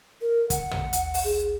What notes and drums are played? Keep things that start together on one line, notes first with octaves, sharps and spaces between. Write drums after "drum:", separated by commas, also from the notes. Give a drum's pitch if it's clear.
A#4
F#5, drum: kick, hi-hat
drum: tom
drum: hi-hat
drum: open hi-hat
G#4